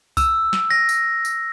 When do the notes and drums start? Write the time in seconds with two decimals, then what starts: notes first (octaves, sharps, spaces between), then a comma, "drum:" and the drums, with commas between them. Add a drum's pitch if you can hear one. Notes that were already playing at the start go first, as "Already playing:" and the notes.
0.17 E6, drum: kick C2, tambourine
0.53 drum: snare
0.71 A#6
0.89 drum: tambourine
1.25 drum: tambourine